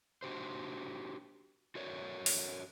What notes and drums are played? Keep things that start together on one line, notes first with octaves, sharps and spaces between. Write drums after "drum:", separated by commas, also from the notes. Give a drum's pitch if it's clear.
D4 F#4 G4 C5
F#4 A4 A#4 C#5 D5
drum: open hi-hat